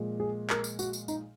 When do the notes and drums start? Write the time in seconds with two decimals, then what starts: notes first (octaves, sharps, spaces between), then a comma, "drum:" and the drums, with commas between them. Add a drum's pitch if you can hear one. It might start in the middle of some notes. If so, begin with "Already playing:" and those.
Already playing: A#2 F3 G#3
0.20 G#4
0.50 A#4, drum: clap
0.64 drum: tambourine
0.79 F#4, drum: tambourine
0.93 drum: tambourine
1.08 D#4, drum: tambourine